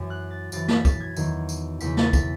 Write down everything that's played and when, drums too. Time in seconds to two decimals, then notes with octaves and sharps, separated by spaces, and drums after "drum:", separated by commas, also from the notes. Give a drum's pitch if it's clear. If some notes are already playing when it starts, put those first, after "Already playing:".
Already playing: F#2 E3
0.10 F#6
0.31 A6
0.52 F#2 E3 A6, drum: tambourine
0.68 B6, drum: snare
0.85 A6, drum: kick, tambourine
1.00 G#6
1.16 E2 D#3 F#3, drum: tambourine
1.49 drum: tambourine
1.81 E2 C#3 E3 B6, drum: tambourine
1.97 A6, drum: snare
2.13 B6, drum: kick, tambourine